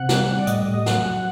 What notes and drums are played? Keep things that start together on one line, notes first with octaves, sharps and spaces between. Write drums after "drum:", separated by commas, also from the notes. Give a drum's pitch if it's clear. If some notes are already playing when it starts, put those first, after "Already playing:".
Already playing: C3 F#5
G3, drum: snare
G3
D5
A2 D#5, drum: hi-hat
A2
D#5
F#3 F#5, drum: snare
F#3